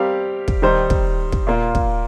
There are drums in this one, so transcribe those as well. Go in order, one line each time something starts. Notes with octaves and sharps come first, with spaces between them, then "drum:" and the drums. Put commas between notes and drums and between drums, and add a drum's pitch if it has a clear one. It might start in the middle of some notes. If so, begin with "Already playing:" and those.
Already playing: G3 C4 G4 A#4 F5
drum: kick
D#3 G3 D#4 C5
drum: kick
drum: kick
A#2 A#3 F4
drum: kick